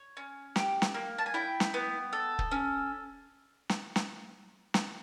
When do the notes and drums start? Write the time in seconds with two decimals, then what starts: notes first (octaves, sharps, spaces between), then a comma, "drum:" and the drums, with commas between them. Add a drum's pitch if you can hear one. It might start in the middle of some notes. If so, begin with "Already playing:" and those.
Already playing: C#5
0.17 C#4
0.56 G4, drum: snare
0.82 drum: snare
0.94 A#3
1.18 A5
1.26 G#5
1.34 E4 G5
1.60 drum: snare
1.74 B3
2.13 A4
2.39 drum: kick
2.51 C#4
3.69 drum: snare
3.96 drum: snare
4.74 drum: snare